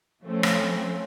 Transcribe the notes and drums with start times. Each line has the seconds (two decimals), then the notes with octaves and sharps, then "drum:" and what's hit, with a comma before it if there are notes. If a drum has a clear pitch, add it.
0.23 F3 A3 C4 C#4
0.43 drum: rim click